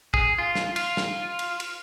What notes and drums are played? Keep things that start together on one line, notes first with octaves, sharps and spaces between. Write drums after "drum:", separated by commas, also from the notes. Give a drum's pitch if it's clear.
G#4, drum: kick
F4
drum: snare
F4, drum: cymbal
drum: snare
drum: cymbal
drum: cymbal